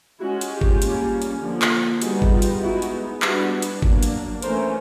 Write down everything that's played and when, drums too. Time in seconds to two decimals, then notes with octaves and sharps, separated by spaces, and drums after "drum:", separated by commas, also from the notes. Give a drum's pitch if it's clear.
0.21 G#3 C#4 E4 F#4
0.41 drum: hi-hat
0.51 F4 G4
0.61 drum: kick G1
0.82 G3 A#3 C#4, drum: hi-hat
1.22 drum: hi-hat
1.42 D3 F3 A#3
1.62 drum: clap
2.02 G3 B3 D#4 F#4 G#4, drum: hi-hat
2.22 drum: kick G1
2.32 F4 G4
2.42 drum: hi-hat
2.62 G#3 B3 D#4 E4 F#4
2.82 drum: hi-hat
3.22 G3 B3 D4 E4 F#4, drum: clap
3.62 drum: hi-hat
3.82 F#3 A#3 D4, drum: kick G1
4.03 drum: hi-hat
4.42 E3 A3 C#4 A#4 C5, drum: hi-hat